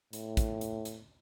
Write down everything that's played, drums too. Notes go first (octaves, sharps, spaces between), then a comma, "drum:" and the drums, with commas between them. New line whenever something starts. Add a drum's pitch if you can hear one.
A2, drum: hi-hat
drum: kick, hi-hat
drum: hi-hat
drum: hi-hat